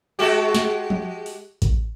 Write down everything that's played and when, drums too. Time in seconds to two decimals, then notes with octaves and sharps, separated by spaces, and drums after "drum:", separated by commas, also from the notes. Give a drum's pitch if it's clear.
0.19 G#3 F#4 G4
0.54 drum: snare
0.90 drum: tom F3
1.26 drum: open hi-hat
1.62 drum: kick A1, hi-hat